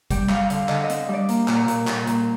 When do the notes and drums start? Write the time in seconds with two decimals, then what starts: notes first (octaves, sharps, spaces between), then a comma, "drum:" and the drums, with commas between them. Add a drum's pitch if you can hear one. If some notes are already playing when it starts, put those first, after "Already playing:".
0.11 G3 G5, drum: kick, hi-hat
0.29 G3 F5, drum: clap
0.50 D3 F5, drum: hi-hat
0.69 D3 D#5, drum: clap
0.84 D#5
0.89 C4, drum: hi-hat
1.08 G3
1.13 D5
1.29 A#3, drum: hi-hat
1.48 A#2, drum: clap
1.68 A#2, drum: hi-hat
1.87 A#2, drum: clap
2.07 A#2, drum: hi-hat